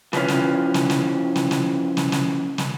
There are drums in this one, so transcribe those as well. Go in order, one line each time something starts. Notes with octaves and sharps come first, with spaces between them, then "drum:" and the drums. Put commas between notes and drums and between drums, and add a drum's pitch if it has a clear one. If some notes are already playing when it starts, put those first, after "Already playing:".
E3 F3 C#4, drum: snare
drum: snare
drum: snare
drum: snare
drum: snare
drum: snare
drum: snare
drum: snare
drum: snare